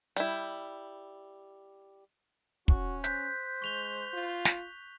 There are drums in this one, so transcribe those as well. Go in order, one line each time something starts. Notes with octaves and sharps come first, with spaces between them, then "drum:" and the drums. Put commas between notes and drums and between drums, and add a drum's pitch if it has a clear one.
G3 E4, drum: hi-hat
C#4 F#4, drum: kick
C5 F#6 G6 B6, drum: hi-hat
G#3 C#6 F7 G7
F4
drum: snare